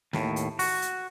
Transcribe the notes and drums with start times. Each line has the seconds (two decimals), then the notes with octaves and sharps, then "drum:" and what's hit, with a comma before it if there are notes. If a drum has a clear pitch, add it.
0.13 D#2 A2, drum: snare
0.36 drum: hi-hat
0.59 F#4, drum: open hi-hat
0.82 drum: hi-hat